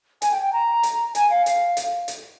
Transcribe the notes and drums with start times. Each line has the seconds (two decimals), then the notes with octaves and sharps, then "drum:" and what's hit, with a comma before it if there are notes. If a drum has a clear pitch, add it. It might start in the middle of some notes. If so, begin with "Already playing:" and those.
0.22 G#5, drum: hi-hat
0.31 G5
0.42 G5
0.53 A#5
0.83 drum: hi-hat
1.15 G#5, drum: hi-hat
1.30 F5
1.46 F5, drum: hi-hat
1.77 drum: hi-hat
2.08 drum: hi-hat